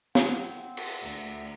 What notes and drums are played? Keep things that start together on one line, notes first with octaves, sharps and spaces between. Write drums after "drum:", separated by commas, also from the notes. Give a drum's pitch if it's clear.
C4 F#5, drum: snare
drum: cymbal
D2 E5 A#5